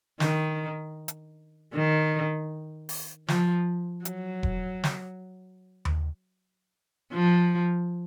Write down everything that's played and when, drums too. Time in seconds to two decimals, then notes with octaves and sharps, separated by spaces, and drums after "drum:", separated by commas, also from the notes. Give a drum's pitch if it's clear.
0.20 D#3, drum: snare
1.08 drum: hi-hat
1.74 D#3
2.89 drum: open hi-hat
3.28 F3, drum: snare
4.05 F#3, drum: hi-hat
4.43 drum: kick E1
4.84 drum: snare
5.85 drum: tom D#2
7.13 F3